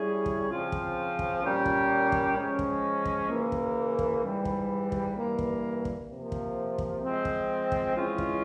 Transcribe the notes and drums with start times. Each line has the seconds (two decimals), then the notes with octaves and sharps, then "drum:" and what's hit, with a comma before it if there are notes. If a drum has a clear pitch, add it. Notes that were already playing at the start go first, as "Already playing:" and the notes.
Already playing: G3 C#4 E4 G#4
0.26 drum: kick
0.49 C#3 F3 C4 F4
0.72 drum: kick
1.19 drum: kick
1.42 A#2 G3 C#4 G4 A#4
1.66 drum: kick
2.12 drum: kick
2.36 F3 G#3 C#4
2.59 drum: kick
3.05 drum: kick
3.28 C#3 E3 A#3
3.52 drum: kick
3.99 drum: kick
4.22 G#2 E3 G3
4.45 drum: kick
4.92 drum: kick
5.15 G2 E3 A#3
5.39 drum: kick
5.85 drum: kick
6.08 C3 F3 A#3
6.32 drum: kick
6.78 drum: kick
7.02 F3 G#3 C4
7.25 drum: kick
7.72 drum: kick
7.95 E3 G#3 C#4 F4
8.18 drum: kick